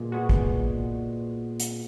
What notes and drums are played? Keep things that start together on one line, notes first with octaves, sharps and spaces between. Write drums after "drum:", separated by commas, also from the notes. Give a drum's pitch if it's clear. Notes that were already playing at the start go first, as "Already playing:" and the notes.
Already playing: A#2 G#3 B3
G#3 B3 F#4
drum: kick
drum: hi-hat